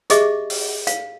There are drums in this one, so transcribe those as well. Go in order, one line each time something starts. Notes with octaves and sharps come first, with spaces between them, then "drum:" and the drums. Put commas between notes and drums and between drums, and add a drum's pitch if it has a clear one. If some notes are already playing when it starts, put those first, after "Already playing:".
G4 G#4 D#5 E5 D6, drum: hi-hat
drum: open hi-hat
F5, drum: hi-hat